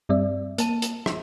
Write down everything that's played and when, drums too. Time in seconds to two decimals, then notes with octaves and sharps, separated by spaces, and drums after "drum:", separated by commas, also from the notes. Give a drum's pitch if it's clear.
0.09 G2 G3 C4 D5 E5
0.58 A#3 A5 D#7, drum: hi-hat
0.82 drum: hi-hat
1.06 drum: rim click